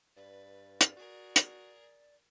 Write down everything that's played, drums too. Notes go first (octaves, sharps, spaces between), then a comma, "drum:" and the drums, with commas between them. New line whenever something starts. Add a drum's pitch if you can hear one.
G2 B4 D5
drum: hi-hat
F#4 G#4 A#4
drum: hi-hat